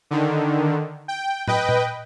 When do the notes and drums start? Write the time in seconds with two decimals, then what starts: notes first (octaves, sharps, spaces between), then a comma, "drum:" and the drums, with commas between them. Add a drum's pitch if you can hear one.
0.11 D3 D#3
1.08 G5
1.48 B4 D#5 G5, drum: tom
1.69 drum: tom A#2